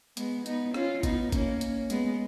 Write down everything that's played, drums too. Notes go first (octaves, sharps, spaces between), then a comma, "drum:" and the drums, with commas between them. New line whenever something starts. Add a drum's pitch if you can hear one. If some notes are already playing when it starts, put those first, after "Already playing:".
G#3 B3, drum: hi-hat
B3 D#4, drum: hi-hat
C#4 F4, drum: rim click
B3 D#4, drum: kick, hi-hat
A#3 C#4, drum: kick, hi-hat
drum: hi-hat
G#3 B3, drum: hi-hat